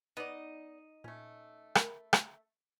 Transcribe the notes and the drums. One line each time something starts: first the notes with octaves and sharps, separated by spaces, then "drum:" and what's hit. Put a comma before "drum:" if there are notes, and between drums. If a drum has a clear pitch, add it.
B3 D#4 D5 D#5
A#2 A3 C#4
A#4 B5, drum: rim click
drum: rim click